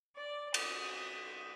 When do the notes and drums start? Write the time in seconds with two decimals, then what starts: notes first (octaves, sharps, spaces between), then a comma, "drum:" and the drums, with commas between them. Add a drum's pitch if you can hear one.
0.15 D5
0.54 D#6, drum: cymbal